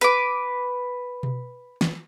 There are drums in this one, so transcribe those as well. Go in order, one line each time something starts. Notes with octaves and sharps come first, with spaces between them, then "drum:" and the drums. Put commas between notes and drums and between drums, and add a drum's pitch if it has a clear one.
B4 D6, drum: hi-hat
drum: tom B2
drum: snare